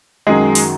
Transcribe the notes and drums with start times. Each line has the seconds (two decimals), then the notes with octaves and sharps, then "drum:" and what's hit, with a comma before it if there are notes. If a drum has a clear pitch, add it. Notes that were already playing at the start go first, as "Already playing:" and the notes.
0.27 F#2 D#3 F#3 G#3 G#4
0.55 drum: open hi-hat